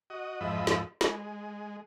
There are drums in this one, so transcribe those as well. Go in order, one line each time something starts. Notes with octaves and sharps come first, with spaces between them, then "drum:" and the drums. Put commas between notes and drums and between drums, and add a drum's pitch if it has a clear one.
F#4 D#5
F2 G#2 F3 D#5 E5 B5
drum: snare
G#3, drum: snare